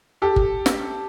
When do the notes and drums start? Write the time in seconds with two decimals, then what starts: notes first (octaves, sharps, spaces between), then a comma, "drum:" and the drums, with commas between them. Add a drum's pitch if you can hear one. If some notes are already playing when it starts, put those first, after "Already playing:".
0.22 G4 A4
0.36 drum: kick G1
0.66 drum: snare